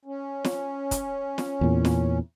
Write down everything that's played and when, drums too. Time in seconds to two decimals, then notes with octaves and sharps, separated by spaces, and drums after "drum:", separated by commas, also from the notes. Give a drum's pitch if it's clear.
0.05 C#4
0.45 drum: snare
0.91 drum: kick, hi-hat
1.38 drum: snare
1.61 E2 A#2
1.85 drum: snare